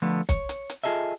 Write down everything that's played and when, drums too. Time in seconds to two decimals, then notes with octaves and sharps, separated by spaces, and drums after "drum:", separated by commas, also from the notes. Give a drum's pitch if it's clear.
0.02 D3 F3 A3 B3
0.29 C#5, drum: kick, hi-hat
0.49 drum: hi-hat
0.70 drum: hi-hat
0.84 F4 G#4 A4 D#5 E5